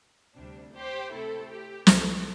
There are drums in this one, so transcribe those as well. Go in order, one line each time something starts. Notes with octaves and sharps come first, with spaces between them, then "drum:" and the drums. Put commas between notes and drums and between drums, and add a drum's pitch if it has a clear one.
D2 C3 G3 D4
G4 C5
C3 A3 C4 E4 A4
G4
C2 C3 A3 E4 A4, drum: snare